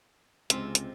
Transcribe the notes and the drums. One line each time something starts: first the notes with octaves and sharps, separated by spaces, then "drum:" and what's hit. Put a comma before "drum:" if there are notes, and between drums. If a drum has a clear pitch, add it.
C#2 C3 G#3 C4 F4 E5, drum: hi-hat
drum: hi-hat